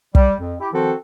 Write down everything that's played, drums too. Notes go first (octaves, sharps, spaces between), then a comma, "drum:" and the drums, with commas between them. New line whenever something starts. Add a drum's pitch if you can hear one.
G3, drum: kick
F2
E4 G4
D#3 F3 C4 F#4 A4